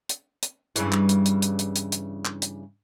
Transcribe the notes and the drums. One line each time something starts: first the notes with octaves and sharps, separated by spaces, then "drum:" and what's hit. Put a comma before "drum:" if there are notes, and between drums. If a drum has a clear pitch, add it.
drum: hi-hat
drum: hi-hat
G2 C#3 E3, drum: hi-hat
drum: clap
drum: hi-hat
drum: hi-hat
drum: hi-hat
drum: hi-hat
drum: hi-hat
drum: hi-hat
drum: clap
drum: hi-hat